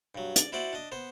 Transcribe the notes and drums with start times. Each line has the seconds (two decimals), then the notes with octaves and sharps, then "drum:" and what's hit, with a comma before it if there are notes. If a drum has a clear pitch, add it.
0.15 G2 F#3
0.36 D5, drum: hi-hat
0.52 E4 F#4 C5 D5 F#5
0.73 D4 D#5
0.92 B3 C5